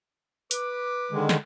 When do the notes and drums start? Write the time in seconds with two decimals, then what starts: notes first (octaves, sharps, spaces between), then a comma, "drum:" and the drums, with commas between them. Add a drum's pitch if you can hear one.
0.51 B4 D6, drum: hi-hat
1.11 D3 D#3 G#3
1.29 drum: snare